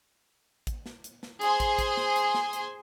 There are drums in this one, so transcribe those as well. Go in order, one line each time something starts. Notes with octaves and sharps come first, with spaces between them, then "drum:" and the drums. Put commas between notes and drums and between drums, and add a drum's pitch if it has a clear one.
drum: kick, hi-hat
drum: snare
drum: hi-hat
drum: snare
G#4 C5 G#5 C6, drum: hi-hat
drum: kick, hi-hat
drum: kick, hi-hat
drum: snare
drum: hi-hat
drum: snare
drum: hi-hat